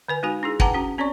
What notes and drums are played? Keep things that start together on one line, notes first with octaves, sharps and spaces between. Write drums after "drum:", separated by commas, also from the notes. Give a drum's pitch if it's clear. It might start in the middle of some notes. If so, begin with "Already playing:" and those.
D3 B4 G#5
G#3 D#4 F#4 G#5
D4 E4 G#4
B4 F#5 G5 A5 A#5 D6, drum: kick
C#4 F#4
C4 C#4 C#5 D5 C#6